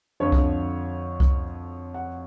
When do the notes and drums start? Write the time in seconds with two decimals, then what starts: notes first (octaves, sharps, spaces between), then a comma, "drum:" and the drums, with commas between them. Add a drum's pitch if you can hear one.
0.20 F2 D3 F3 C#5
0.32 drum: kick C2
1.20 drum: kick C2
1.94 F#5